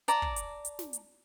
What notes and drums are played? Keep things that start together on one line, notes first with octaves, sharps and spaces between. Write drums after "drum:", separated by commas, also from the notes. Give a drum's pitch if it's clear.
D5 A5 A#5, drum: hi-hat
drum: kick
drum: hi-hat
drum: hi-hat
drum: snare
drum: hi-hat